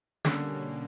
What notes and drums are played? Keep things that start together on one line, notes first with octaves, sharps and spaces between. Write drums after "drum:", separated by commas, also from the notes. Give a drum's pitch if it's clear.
B2 D3 G3 A#3 C#4, drum: snare